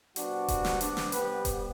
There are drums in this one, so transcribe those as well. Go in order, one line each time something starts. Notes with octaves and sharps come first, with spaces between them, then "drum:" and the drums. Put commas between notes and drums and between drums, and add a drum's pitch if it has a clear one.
C3 G3 B3 D4 F#4, drum: hi-hat
drum: kick D#1, hi-hat
drum: snare
D4, drum: hi-hat
drum: snare
G4 B4, drum: hi-hat
drum: kick D#1, hi-hat